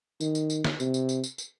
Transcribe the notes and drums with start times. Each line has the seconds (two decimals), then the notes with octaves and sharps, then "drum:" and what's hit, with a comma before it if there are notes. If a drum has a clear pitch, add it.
0.20 D#3, drum: tambourine
0.35 drum: tambourine
0.50 drum: tambourine
0.65 drum: snare
0.80 C3, drum: tambourine
0.94 drum: tambourine
1.09 drum: tambourine
1.24 drum: tambourine
1.38 drum: tambourine